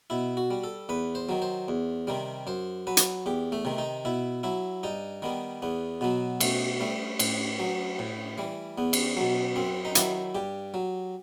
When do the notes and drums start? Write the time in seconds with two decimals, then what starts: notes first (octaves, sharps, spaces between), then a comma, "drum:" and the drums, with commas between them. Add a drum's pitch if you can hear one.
0.10 B2 E4
0.37 F#4
0.51 G3
0.64 A4
0.89 E2 B4
1.15 C5
1.29 D#3 F#3
1.42 C5
1.68 E2
2.07 C3 D#3 G3
2.47 F#2 C5
2.87 F#3 B4
2.97 drum: hi-hat
3.26 E2 G4
3.52 A3
3.65 C3 D#3
3.78 D#4
4.05 B2 E4
4.43 F#3 E4
4.83 G2 D#4
5.22 D#3 G3 B3
5.62 E2 B3
6.01 B2 F#3 B3
6.40 B2 A3, drum: cymbal
6.80 G3 A3
7.19 A2, drum: cymbal
7.60 F#3
7.99 A2
8.38 E3 G3
8.78 E2 B3
8.93 drum: cymbal
9.17 B2 F#3
9.56 F#2 C4
9.85 D#4
9.95 D#3 F#3 E4, drum: hi-hat
10.35 G2 G4
10.74 F#3